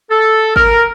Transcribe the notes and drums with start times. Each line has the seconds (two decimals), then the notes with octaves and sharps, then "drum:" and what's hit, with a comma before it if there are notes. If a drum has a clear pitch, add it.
0.10 A4
0.56 A#4, drum: kick G#1